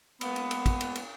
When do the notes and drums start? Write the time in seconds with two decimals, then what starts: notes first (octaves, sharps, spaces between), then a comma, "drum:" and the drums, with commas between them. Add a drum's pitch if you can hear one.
0.21 G#3 A#3 B3, drum: cymbal
0.36 drum: cymbal
0.51 drum: cymbal
0.66 drum: kick, cymbal
0.81 drum: cymbal
0.95 drum: cymbal